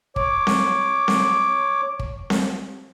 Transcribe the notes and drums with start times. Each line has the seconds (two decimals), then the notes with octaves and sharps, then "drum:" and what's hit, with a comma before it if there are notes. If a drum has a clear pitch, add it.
0.16 C#5 D6, drum: kick
0.47 drum: snare C4
1.08 drum: snare C4
1.99 drum: kick
2.30 drum: snare C4